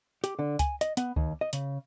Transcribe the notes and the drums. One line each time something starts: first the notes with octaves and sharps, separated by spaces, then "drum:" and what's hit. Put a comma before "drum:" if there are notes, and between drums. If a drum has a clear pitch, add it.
G4, drum: hi-hat
D3
G#5, drum: kick C#2, hi-hat
D#5, drum: hi-hat
B3, drum: hi-hat
D#2, drum: kick C#2
D#5
C#3, drum: hi-hat